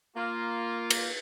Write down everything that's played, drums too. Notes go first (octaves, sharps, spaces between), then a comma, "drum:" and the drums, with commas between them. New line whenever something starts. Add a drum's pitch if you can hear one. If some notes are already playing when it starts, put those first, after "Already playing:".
A#3 F4
drum: cymbal